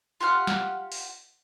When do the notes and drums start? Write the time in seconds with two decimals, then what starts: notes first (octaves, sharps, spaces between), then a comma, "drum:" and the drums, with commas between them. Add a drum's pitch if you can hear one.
0.21 F4 G4 F#5 F6
0.47 drum: snare
0.92 drum: open hi-hat